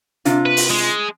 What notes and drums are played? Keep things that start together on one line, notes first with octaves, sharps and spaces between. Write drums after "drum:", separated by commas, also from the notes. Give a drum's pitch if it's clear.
C3 D4 F4, drum: hi-hat
B4
drum: open hi-hat
G#3